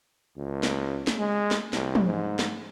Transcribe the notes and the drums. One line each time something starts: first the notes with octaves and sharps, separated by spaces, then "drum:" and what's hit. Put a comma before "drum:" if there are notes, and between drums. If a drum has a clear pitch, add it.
C#2
drum: snare
drum: snare
G#3
drum: snare
C2, drum: snare
drum: tom
G#2
drum: snare